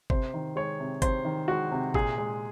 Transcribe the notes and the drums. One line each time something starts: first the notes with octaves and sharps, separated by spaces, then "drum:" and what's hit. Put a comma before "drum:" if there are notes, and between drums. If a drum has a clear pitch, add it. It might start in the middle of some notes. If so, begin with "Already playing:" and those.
C3 C5, drum: kick G1
D#3
G#3 C#5
C3
C3 C5, drum: kick G1, hi-hat
D#3
G#3 F#4
C3
A#2 G#4, drum: kick G1
G#3